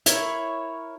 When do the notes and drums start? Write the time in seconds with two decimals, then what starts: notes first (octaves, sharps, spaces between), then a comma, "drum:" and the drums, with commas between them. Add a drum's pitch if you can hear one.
0.06 E4 A#4 C#5, drum: hi-hat